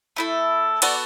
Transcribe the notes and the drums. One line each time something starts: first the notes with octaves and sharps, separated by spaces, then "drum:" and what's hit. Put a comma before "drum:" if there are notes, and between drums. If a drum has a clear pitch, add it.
A3 E4 A4
B3 F#4 A4 D5, drum: cymbal